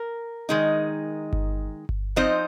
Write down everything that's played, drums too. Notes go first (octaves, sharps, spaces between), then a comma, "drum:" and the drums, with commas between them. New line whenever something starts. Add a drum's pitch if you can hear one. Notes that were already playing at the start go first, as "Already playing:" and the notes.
Already playing: A#4
D#3 G#3 D#4
drum: kick G1
drum: kick G1
F3 C4 D#4 C5 D#5